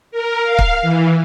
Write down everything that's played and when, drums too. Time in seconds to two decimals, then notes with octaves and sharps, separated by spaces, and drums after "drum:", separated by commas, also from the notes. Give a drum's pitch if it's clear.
0.12 A#4
0.42 F5
0.59 drum: kick
0.82 E3